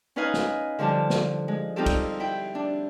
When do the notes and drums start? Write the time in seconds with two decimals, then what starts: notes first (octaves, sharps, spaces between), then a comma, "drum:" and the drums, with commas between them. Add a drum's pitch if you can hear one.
0.16 C#4 D#4 B4 D#5 F5 G#5
0.34 drum: snare
0.79 D3 F3 G3 D4 A5
1.10 drum: snare
1.48 G#3
1.76 G3 C4 D#4 F4 G4 A4
1.86 drum: kick B1, cymbal
2.20 E4 G5
2.55 D4